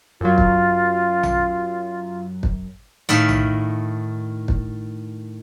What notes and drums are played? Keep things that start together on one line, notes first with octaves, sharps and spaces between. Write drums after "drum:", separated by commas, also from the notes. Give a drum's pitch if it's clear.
F#2 F#3 F4
drum: kick
drum: tom A#1
drum: kick
A2 D#3 E5 F5
drum: tom A#1
drum: kick